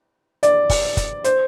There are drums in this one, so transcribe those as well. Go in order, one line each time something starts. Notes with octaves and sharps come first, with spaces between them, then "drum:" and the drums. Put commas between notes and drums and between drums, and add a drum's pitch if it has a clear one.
D5, drum: hi-hat
drum: kick, open hi-hat
drum: kick, hi-hat
C5, drum: hi-hat